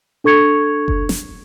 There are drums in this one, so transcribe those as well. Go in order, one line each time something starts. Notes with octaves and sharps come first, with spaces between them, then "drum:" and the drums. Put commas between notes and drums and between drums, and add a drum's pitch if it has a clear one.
D4 A4 C#6 G#6 C#7 F7
drum: kick F#1
drum: snare